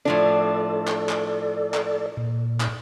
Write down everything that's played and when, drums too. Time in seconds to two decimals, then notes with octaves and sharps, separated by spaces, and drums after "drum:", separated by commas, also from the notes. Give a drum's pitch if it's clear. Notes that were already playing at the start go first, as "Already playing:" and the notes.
0.05 A2 F3 D4 A4 D5
0.88 drum: clap
1.09 drum: clap
1.74 drum: clap
2.17 A#2
2.60 drum: clap